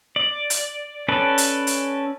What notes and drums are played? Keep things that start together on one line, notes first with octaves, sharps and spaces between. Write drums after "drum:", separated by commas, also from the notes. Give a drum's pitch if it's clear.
D5
drum: hi-hat
C#4 A4 B4 D5
drum: hi-hat
drum: hi-hat